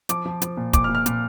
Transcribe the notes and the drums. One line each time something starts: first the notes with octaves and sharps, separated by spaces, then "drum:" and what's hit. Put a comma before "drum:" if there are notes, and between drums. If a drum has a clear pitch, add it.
F3 D6, drum: hi-hat
F3
F3, drum: hi-hat
A#2
A#2 D6, drum: kick, hi-hat
F6
A#2
F6
A#2, drum: hi-hat